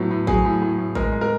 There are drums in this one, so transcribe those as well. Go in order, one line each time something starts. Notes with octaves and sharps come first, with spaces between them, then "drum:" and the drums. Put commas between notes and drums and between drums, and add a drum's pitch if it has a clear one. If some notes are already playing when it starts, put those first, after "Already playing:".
Already playing: A2 F#3 B3
A2
F#3 G#4, drum: kick A1
A2
A2
A2
G#3 A#4, drum: kick A1
G#3
A#4